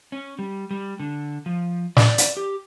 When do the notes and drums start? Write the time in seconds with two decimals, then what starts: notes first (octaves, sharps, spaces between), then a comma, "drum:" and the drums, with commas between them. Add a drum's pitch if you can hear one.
0.12 C#4
0.39 G3
0.71 G3
1.00 D3
1.46 F3
1.97 D5, drum: snare
2.18 drum: hi-hat
2.37 G4